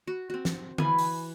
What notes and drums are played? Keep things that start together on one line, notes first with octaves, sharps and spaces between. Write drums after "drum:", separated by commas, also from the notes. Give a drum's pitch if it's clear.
F#4
C4 F#4
drum: snare
E3 B4 G#5, drum: tom D3
drum: open hi-hat